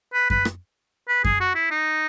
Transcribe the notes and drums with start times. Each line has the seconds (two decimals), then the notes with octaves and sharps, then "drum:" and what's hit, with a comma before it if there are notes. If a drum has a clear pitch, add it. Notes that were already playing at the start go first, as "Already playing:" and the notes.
0.13 B4
0.30 B4, drum: kick F#2
0.45 drum: rim click
1.08 B4
1.24 G#4, drum: kick F#2
1.40 F#4
1.55 E4
1.71 D#4